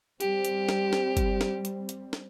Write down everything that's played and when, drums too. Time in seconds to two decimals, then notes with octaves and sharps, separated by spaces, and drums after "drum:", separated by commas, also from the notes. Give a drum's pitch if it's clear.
0.21 G3 C4 G4, drum: hi-hat
0.45 drum: hi-hat
0.69 drum: snare
0.93 drum: snare
1.17 drum: kick G1, hi-hat
1.41 drum: snare
1.65 drum: hi-hat
1.89 drum: hi-hat
2.13 drum: snare